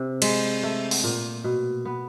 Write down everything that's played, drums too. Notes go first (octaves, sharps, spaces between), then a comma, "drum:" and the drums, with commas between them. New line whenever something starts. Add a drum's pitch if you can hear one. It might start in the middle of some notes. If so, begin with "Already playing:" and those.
Already playing: C3
G#3, drum: cymbal
A3
drum: open hi-hat
A#2
B2
B3